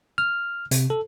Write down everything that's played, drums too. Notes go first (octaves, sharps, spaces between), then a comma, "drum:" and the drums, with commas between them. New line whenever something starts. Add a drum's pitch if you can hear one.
F6
C3, drum: hi-hat
A4